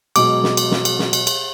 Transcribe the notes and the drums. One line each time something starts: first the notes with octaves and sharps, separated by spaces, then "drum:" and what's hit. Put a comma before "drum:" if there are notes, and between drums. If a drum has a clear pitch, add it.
B2 F#3 G#3 D6, drum: cymbal
drum: snare
drum: cymbal
drum: snare
drum: cymbal
drum: snare
drum: cymbal
drum: cymbal